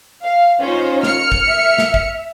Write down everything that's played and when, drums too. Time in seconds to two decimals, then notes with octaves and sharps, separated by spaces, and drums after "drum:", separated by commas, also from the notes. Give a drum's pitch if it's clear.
0.23 F5
0.60 C#4 D#4 F4 C5 C#5
1.03 F6 C#7, drum: snare
1.32 drum: kick
1.46 E5
1.78 drum: snare
1.94 drum: kick